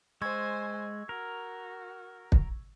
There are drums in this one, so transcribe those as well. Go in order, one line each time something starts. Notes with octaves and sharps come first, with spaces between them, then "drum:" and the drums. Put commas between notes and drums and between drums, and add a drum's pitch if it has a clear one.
G#3 C5 G#5 C#6 E6 G#6
F#4 A#4
drum: kick